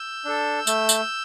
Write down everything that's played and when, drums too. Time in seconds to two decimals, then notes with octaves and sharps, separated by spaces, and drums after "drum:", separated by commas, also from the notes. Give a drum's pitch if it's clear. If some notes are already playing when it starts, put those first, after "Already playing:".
Already playing: E6 G6
0.25 D4 A4
0.67 A3, drum: tambourine
0.89 drum: tambourine